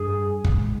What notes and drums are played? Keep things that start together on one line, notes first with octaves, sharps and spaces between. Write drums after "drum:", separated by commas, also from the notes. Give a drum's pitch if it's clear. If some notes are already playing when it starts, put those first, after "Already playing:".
Already playing: G2 G#4
A#2, drum: kick
G#2